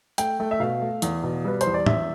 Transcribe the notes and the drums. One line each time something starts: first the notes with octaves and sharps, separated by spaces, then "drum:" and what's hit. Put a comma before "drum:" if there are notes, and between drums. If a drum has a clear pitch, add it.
A3 G5, drum: hi-hat
A3
E5
B2 F5
A3
E2, drum: hi-hat
B2
G3 B4
C5, drum: hi-hat
E2
D5
E2 E5, drum: tom A2